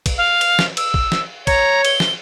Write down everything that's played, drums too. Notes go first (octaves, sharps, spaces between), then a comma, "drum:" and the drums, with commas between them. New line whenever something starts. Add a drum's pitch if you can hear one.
drum: kick, cymbal
F5
drum: cymbal
drum: snare
E6, drum: cymbal
drum: kick
drum: snare
C#5 A#5, drum: kick, cymbal
G7, drum: cymbal
drum: snare